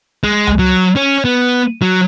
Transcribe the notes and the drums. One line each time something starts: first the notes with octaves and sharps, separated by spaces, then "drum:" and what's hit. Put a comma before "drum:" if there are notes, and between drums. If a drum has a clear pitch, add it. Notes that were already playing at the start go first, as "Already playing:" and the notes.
G#3, drum: kick
drum: tom C#2
F#3
C#4
B3
F#3